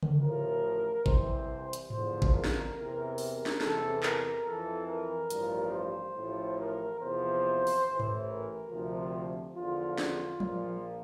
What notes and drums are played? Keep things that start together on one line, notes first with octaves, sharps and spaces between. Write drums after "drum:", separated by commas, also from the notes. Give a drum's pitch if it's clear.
drum: tom C#3
A1 A2 F3 A#4
C2 C3 E3 C5, drum: kick G#1
drum: hi-hat
E2 D3 F3 C5, drum: tom G#2
drum: kick G#1
A#4
drum: snare
E2 C3 E3
A#4, drum: open hi-hat
drum: snare
E2 C3 E3 A4, drum: snare
A#4, drum: clap
F2 E3 A4
A#4
A1 G2 F3, drum: hi-hat
C5
A1 A2 F3
A#4
E2 C3 F3 C5
drum: open hi-hat
A1 A2 E3
drum: tom G#2
A#4
D2 C3 F3
E2 D3 F3 F4
F4, drum: snare
A#1 A#2 F3, drum: tom F3